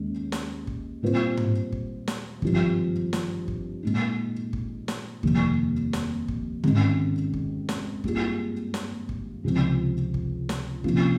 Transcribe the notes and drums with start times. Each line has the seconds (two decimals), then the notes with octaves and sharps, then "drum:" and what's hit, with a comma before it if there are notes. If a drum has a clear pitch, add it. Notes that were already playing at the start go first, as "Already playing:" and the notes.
Already playing: D#2 D#3 G#3 C#4
0.32 drum: snare
0.67 drum: kick
1.02 A#2 G3 C4 F4 C5
1.37 drum: tom G#2
1.72 drum: kick
2.08 drum: snare
2.42 G#1 G2 F3, drum: kick
3.13 drum: snare
3.48 drum: kick
3.83 A#2 G#3 D#4
4.53 drum: kick
4.88 drum: snare
5.23 F1 D#2 D#3 G3 A#3, drum: kick
5.93 drum: snare
6.28 drum: kick
6.64 G#1 G#2 D#3 G#3 C#4, drum: tom G#2
7.34 drum: kick
7.69 drum: snare
8.04 G2 G3 A#3 F4 G#4, drum: kick
8.74 drum: snare
9.09 drum: kick
9.44 C#2 C3 F3 C4
10.14 drum: kick
10.49 drum: snare
10.84 C3 F3 A#3 C#4 F4, drum: kick